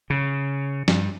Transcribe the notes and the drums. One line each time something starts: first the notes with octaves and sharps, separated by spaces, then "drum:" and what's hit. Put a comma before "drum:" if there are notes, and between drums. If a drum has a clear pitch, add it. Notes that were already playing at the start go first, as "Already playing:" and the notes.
C#3
G2, drum: snare